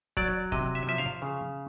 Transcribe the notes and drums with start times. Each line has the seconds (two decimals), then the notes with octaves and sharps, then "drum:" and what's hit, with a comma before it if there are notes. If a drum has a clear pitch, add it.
0.17 F#3 D5, drum: kick D#1
0.52 C3 D#5, drum: kick D#1
0.75 E5
0.87 F3 E5
0.98 F5
1.22 C#3